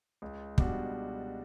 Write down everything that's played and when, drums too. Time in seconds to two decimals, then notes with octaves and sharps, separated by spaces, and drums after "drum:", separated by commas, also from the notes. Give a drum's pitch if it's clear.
0.22 C#2
0.58 B2 G3 D4 F#4, drum: kick